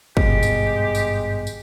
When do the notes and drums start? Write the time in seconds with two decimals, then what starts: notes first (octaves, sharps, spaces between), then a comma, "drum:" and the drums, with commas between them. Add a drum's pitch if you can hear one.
0.17 G#1 G2 B2 G#3 G4, drum: kick
0.43 drum: tambourine
0.95 drum: tambourine
1.47 drum: tambourine